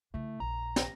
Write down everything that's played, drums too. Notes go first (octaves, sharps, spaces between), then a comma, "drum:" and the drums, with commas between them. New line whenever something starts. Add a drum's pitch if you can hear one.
C#3 A3 E4
A#1 A#5
drum: snare